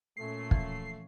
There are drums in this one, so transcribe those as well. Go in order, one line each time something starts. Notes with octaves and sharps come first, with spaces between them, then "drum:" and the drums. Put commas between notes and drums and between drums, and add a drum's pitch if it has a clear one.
A#2 A3 C#4 C7
E3 F3, drum: kick